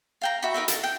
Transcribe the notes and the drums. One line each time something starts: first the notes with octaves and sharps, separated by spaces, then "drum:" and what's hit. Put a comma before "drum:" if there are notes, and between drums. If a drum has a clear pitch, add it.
F5 G5 A#5
F#4 E5 A#5 B5
D#4 A#4 B4 E5
A4 A#4, drum: hi-hat
G5